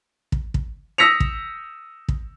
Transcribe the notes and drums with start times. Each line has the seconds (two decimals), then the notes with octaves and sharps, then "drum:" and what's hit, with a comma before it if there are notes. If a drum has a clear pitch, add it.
0.32 drum: kick
0.54 drum: kick
0.98 D#6 E6 A#6 B6 C#7 F7
1.20 drum: kick
2.08 drum: kick